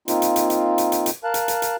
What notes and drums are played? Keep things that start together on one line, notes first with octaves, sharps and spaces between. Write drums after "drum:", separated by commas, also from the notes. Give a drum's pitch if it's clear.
A#3 C4 D#4 F4, drum: hi-hat
drum: hi-hat
drum: hi-hat
drum: hi-hat
drum: hi-hat
drum: hi-hat
drum: hi-hat
A#4 F5 A5 F#6
drum: hi-hat
drum: hi-hat
drum: hi-hat